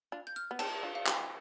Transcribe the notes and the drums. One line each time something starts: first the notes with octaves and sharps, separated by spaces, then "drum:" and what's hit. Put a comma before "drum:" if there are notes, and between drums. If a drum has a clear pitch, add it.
D4 F4
G6
F6
B3
C4 A5, drum: cymbal
D4 F4
F5
E4 G4, drum: clap